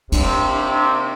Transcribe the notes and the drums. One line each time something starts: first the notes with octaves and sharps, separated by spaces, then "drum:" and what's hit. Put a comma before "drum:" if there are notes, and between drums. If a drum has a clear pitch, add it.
D#2 C3 D4, drum: cymbal